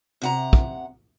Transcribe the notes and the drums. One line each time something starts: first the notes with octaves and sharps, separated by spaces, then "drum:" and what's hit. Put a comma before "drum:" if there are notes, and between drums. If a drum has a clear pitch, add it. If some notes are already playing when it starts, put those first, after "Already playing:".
C3 F#5 A#5
drum: kick